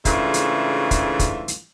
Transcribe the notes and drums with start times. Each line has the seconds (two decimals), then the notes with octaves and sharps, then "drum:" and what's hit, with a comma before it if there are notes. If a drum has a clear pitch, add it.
0.05 G#2 C#3 E3 A3 D4 F4, drum: kick, hi-hat
0.34 drum: hi-hat
0.91 drum: kick, hi-hat
1.19 drum: kick, hi-hat
1.48 drum: hi-hat